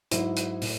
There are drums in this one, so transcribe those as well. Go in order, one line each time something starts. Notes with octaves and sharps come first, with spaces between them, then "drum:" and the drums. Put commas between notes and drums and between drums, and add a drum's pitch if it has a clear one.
G#2 F#3 E4, drum: hi-hat
drum: hi-hat
A2, drum: open hi-hat